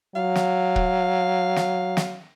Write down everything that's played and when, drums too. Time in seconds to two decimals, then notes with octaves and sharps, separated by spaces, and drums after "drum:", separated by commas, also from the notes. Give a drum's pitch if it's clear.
0.15 F#3 F5
0.35 drum: snare
0.76 drum: kick
1.56 drum: snare
1.97 drum: snare